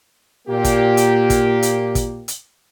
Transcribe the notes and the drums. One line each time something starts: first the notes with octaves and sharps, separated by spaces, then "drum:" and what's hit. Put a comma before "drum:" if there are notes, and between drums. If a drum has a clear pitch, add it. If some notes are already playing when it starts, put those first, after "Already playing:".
A#2 A#3 G4
drum: kick, hi-hat
drum: hi-hat
drum: kick, hi-hat
drum: hi-hat
drum: kick, hi-hat
drum: hi-hat